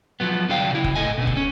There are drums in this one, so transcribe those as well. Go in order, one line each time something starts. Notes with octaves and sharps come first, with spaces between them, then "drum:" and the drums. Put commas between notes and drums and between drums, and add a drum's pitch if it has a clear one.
F3 F#3 B3
C2 D3 F#3 D4 F5 G5
C#3 E4
drum: kick
A2 A4 D#5 G#5
B2 D3
drum: kick
C#4